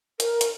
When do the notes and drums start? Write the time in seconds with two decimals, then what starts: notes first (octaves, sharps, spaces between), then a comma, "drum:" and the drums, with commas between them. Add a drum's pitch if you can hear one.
0.20 A#4, drum: hi-hat
0.41 drum: hi-hat